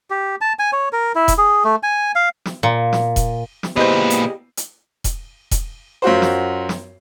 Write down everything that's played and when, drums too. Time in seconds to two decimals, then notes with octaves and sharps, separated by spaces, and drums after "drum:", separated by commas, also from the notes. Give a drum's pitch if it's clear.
0.10 G4
0.41 A5
0.59 G#5
0.72 C#5
0.93 A#4
1.15 E4
1.28 drum: kick E1, hi-hat
1.38 G#4
1.64 A3
1.83 G#5
2.16 F5
2.46 drum: snare
2.63 A#2
2.93 drum: snare
3.16 drum: kick E1, hi-hat
3.63 drum: snare
3.76 A#2 B3 E4 G4 G#4 B4 C5 D#5
4.10 drum: hi-hat
4.57 drum: hi-hat
5.04 drum: kick E1, hi-hat
5.51 drum: kick E1, hi-hat
6.02 F#2 F4 F#4 C5
6.22 drum: snare
6.69 drum: snare